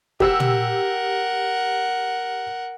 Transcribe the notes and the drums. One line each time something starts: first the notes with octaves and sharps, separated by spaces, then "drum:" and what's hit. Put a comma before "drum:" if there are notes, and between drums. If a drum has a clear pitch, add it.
G4 A#4 F#5 E6, drum: kick
drum: tom